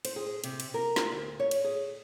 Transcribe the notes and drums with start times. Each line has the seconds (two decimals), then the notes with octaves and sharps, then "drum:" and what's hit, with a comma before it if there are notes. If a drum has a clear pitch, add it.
0.05 C5, drum: cymbal
0.16 G#4
0.44 C3, drum: cymbal
0.60 drum: cymbal
0.74 A#4
0.96 drum: snare
1.12 D2
1.40 C#5
1.51 drum: cymbal
1.64 G#4